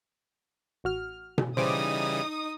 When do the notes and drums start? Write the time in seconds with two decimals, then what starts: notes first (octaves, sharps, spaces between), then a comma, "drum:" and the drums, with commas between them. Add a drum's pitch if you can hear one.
0.84 A1 F#4 F6
1.38 drum: tom B2
1.57 C#3 E3 G3 D#4 C5 D6 D#6